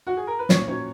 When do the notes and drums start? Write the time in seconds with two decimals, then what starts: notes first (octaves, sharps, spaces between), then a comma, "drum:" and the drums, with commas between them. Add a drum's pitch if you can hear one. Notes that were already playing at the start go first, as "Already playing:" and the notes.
0.07 F#4
0.17 G#4
0.27 A#4
0.39 B4
0.49 A#2 C#4 C#5, drum: snare
0.68 F#3 C#4 C#5